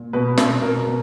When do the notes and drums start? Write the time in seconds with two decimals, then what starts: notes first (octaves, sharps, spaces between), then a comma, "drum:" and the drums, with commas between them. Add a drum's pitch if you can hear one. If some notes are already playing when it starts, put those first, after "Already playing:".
Already playing: A#2
0.13 B2 B4
0.38 B2, drum: snare
0.62 B2 A#4
0.87 B2